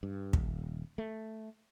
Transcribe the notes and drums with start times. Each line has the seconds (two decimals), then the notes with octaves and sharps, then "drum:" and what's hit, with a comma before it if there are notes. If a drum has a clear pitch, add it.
0.03 G2
0.33 D#1, drum: kick
0.98 A3